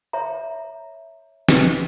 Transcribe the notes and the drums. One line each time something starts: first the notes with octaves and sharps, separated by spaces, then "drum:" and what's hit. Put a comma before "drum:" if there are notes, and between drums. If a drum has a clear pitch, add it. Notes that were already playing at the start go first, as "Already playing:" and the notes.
C#5 E5 A#5
drum: snare